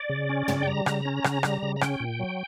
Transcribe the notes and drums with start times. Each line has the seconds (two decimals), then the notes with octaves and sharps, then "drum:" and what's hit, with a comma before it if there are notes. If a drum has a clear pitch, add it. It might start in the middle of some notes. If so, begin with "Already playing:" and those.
Already playing: D5
0.10 C#3
0.29 C#4
0.48 C#3, drum: tom
0.63 G5
0.67 G3 A#5
0.86 C#3, drum: rim click
1.05 C#4
1.24 C#3, drum: rim click
1.43 G3, drum: rim click
1.62 C#3
1.76 A#5
1.81 C#4 G5, drum: rim click
2.00 A#2
2.19 F#3